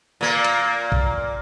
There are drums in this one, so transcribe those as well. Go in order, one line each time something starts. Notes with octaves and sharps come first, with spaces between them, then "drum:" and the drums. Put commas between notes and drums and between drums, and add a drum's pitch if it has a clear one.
A#2 A#3
drum: hi-hat
drum: kick